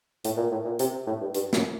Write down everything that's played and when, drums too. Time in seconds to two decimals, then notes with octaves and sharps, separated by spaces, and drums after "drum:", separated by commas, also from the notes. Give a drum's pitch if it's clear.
0.25 A2, drum: hi-hat
0.37 A#2
0.51 A2
0.65 A#2
0.79 C3, drum: hi-hat
1.07 A2
1.21 G2
1.34 G2, drum: hi-hat
1.53 F#2, drum: snare